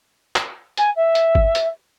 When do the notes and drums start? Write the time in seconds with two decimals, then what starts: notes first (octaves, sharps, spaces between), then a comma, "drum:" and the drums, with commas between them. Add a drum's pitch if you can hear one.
0.36 drum: clap
0.77 G#5, drum: hi-hat
0.95 E5
1.15 drum: hi-hat
1.35 drum: kick G1
1.55 drum: hi-hat